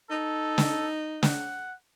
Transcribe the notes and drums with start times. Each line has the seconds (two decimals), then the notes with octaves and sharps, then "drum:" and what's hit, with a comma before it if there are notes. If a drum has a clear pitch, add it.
0.10 D#4 A4
0.58 drum: snare
1.23 F#5, drum: snare